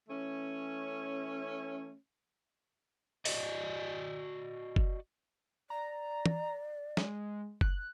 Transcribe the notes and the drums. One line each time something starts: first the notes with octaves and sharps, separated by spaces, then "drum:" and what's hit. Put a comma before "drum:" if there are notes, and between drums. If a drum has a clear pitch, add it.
E3 A3 C#4
F#4 D5 D#5, drum: open hi-hat
drum: kick F#1
D5 A#5
drum: tom
G#3, drum: snare
F#6, drum: kick F#1